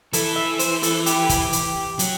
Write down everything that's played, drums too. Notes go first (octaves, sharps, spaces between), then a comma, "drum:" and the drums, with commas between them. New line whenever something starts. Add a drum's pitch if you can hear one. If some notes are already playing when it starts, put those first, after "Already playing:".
E3 A4, drum: hi-hat
E5
C5, drum: hi-hat
A4, drum: hi-hat
G4, drum: hi-hat
drum: kick, hi-hat
drum: hi-hat
F#3, drum: hi-hat